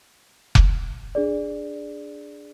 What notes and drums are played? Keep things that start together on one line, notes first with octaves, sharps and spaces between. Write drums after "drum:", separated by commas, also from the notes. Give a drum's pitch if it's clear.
drum: kick F1
D4 G#4 D5